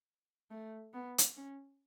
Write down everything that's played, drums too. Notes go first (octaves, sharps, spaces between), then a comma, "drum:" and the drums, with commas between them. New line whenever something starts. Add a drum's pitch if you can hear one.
A3
B3
drum: hi-hat
C#4